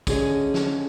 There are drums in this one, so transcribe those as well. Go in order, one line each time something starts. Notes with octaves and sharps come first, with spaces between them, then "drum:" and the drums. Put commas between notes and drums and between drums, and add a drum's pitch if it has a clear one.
D3 C#4 G#4 D#5, drum: kick, tambourine
drum: snare